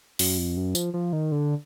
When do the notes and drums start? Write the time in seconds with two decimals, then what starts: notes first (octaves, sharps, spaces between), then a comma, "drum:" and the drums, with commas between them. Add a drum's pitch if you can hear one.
0.19 F#2, drum: open hi-hat
0.38 F2
0.57 F#2
0.75 F3, drum: tambourine
0.94 F3
1.13 D#3
1.32 D3